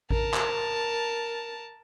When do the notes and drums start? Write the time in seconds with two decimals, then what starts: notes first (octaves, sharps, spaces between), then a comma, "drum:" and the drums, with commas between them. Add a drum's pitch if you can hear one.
0.10 A#4 A5, drum: kick A1
0.34 drum: clap